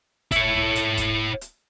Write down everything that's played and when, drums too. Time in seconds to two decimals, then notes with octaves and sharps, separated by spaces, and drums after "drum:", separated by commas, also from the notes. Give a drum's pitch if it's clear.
0.32 E4 C#5, drum: kick, hi-hat
0.53 drum: tom B1
0.75 drum: hi-hat
0.97 drum: kick, hi-hat
1.41 drum: hi-hat